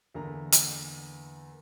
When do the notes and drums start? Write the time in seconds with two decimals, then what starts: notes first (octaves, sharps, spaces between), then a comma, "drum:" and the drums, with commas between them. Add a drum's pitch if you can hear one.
0.14 E2 D3 A#3 E4 A#5
0.52 drum: hi-hat